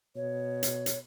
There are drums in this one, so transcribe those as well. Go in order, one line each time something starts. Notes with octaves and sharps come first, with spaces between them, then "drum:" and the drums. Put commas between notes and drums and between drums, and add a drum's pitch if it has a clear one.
B2 C#5
drum: hi-hat
drum: hi-hat